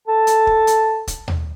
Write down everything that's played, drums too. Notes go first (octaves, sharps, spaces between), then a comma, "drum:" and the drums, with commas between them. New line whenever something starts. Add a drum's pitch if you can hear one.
A4 A5
drum: hi-hat
drum: kick
drum: hi-hat
drum: kick, hi-hat
drum: tom D#2